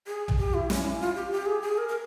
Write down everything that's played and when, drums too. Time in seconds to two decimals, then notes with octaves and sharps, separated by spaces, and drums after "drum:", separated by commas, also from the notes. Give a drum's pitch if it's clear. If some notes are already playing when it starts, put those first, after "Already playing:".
0.07 G#4
0.28 drum: tom
0.39 G4
0.54 E4
0.70 C#4, drum: snare
0.85 E4
1.00 F4
1.15 G4
1.31 G4
1.46 G#4
1.62 G#4
1.78 A#4
1.89 A#4